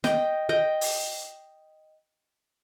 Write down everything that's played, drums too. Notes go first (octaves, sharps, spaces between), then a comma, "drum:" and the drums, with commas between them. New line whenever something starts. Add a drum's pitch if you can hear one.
D#5 G5, drum: snare
D#5 G5
drum: open hi-hat